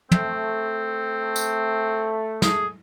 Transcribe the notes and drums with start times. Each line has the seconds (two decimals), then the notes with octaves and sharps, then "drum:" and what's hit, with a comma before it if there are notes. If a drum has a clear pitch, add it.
0.11 A3 C4, drum: tom
1.36 drum: tambourine
2.42 G#4, drum: snare